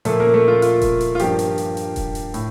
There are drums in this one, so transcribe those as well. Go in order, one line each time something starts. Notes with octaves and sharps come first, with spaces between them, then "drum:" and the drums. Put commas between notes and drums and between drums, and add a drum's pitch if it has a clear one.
A#2 F3 A3 A#3 A4, drum: hi-hat
A#3 A#4
A3 A4
F4
F4, drum: hi-hat
drum: kick D#1, hi-hat
drum: hi-hat
F4
G2 F3 A#3 G4, drum: hi-hat
drum: hi-hat
drum: hi-hat
drum: hi-hat
drum: kick D#1, hi-hat
drum: hi-hat
A2, drum: hi-hat